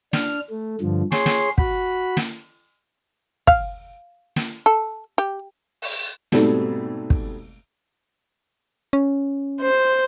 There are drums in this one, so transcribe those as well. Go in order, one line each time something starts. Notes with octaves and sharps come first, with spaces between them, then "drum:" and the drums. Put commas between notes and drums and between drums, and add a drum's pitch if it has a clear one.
D4 F6, drum: snare
A3
G2 D3 F3
G#4 C#5 C6, drum: snare
drum: snare
F#4 B5, drum: kick
drum: snare
F5, drum: kick
drum: snare
A4
G4
drum: open hi-hat
G#2 B2 G3 A3 C4, drum: snare
drum: kick
C#4
C5